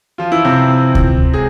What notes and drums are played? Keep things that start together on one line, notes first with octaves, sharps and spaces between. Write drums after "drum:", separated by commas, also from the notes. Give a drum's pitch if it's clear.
F3 F4
E3 E4
C3 C4
drum: kick D2
G#3 G#4